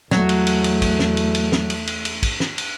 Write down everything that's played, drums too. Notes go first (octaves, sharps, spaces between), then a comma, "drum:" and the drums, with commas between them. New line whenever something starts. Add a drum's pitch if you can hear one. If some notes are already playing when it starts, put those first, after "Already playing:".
E2 F#3 A3, drum: snare
drum: cymbal
drum: cymbal
drum: cymbal
drum: kick, cymbal
drum: snare
drum: cymbal
drum: cymbal
drum: snare
drum: cymbal
drum: cymbal
drum: cymbal
drum: kick, cymbal
drum: snare
drum: cymbal